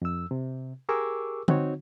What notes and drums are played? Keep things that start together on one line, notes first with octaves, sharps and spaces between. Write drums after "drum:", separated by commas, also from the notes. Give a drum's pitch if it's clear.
F2 E6
C3
G4 G#4 A#4 C#6 D6 E6
C4 D#4 F#4 C#5, drum: tom